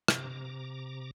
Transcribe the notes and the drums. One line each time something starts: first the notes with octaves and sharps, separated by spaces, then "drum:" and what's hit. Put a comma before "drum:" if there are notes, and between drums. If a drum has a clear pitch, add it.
C3 A#5 D6, drum: rim click